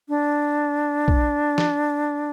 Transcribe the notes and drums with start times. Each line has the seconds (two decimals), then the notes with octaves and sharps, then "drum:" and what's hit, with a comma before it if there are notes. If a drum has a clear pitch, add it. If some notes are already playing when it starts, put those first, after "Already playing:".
0.09 D4
1.08 drum: kick A#1
1.58 drum: snare